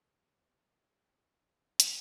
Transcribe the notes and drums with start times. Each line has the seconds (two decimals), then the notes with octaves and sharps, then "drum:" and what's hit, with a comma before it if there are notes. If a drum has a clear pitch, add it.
0.13 G2 E3 C#4 F#5
0.88 A4
1.80 drum: hi-hat